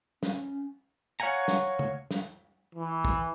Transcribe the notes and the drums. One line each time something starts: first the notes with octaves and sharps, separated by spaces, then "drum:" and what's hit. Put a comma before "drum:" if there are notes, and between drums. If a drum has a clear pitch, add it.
C#4, drum: snare
C#5 F5 F#5 G#5 A#5
drum: snare
drum: tom C#3
drum: snare
E3
drum: kick